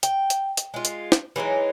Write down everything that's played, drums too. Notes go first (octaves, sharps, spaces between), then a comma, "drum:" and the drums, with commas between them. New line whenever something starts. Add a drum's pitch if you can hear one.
G5, drum: hi-hat
drum: hi-hat
drum: hi-hat
G#3 F4
drum: hi-hat
drum: snare
E3 F#3 G#3 D#4